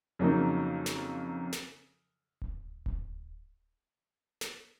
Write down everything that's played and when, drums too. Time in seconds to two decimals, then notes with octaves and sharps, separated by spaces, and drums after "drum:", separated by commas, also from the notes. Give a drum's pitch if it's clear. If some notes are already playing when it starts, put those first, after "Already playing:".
0.19 F2 C#3 F#3 A#3 D#4
0.86 drum: snare
1.53 drum: snare
2.42 drum: kick D1
2.86 drum: kick D1
4.41 drum: snare